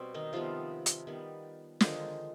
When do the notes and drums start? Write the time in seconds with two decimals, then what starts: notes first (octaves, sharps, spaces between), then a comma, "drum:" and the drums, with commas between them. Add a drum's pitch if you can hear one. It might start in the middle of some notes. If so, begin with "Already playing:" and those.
Already playing: B2 G3 C4
0.14 D#3 D#4
0.33 C3 D#3 F3 G3 B3 F4
0.86 drum: hi-hat
1.07 D#3 G3 B3
1.81 D3 D#3 F3 G#3 D#4, drum: snare